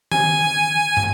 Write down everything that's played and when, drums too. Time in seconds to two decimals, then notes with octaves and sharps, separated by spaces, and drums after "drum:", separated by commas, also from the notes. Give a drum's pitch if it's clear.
0.11 G#5, drum: tom D#3
0.97 drum: tom